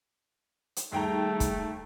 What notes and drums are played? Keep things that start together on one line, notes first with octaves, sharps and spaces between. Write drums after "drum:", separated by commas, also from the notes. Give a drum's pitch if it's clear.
drum: hi-hat
D#2 G3 A3 G#4 G5 A5 A#5
drum: kick, hi-hat